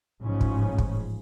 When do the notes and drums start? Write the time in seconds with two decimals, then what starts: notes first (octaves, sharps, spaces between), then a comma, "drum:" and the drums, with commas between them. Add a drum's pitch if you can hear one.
0.22 A1 G#2 C#3 F3 C#4
0.41 drum: kick
0.78 drum: kick